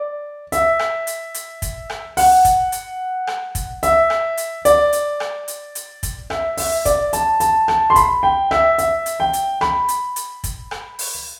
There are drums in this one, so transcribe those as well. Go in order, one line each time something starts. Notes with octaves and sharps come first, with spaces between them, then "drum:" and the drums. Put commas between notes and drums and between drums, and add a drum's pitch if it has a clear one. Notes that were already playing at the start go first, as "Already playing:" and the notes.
Already playing: D5
E5, drum: hi-hat
drum: rim click
drum: hi-hat
drum: hi-hat
drum: kick, hi-hat
drum: rim click
F#5, drum: open hi-hat
drum: kick, hi-hat
drum: hi-hat
drum: rim click
drum: kick, hi-hat
E5, drum: hi-hat
drum: rim click
drum: hi-hat
D5, drum: hi-hat
drum: hi-hat
drum: rim click
drum: hi-hat
drum: hi-hat
drum: kick, hi-hat
E5, drum: rim click
E5, drum: open hi-hat
D5, drum: kick, hi-hat
A5, drum: hi-hat
A5, drum: hi-hat
A5, drum: rim click
C6
B5, drum: kick, hi-hat
G5
E5, drum: rim click
E5, drum: hi-hat
drum: hi-hat
G5
drum: hi-hat
B5, drum: rim click
drum: hi-hat
drum: hi-hat
drum: kick, hi-hat
drum: rim click
drum: open hi-hat